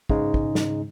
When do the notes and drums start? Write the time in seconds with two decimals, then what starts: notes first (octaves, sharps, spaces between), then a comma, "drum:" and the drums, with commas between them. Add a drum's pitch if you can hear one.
0.09 G#2 C#3 G#3 D#4, drum: kick
0.34 drum: kick
0.55 drum: snare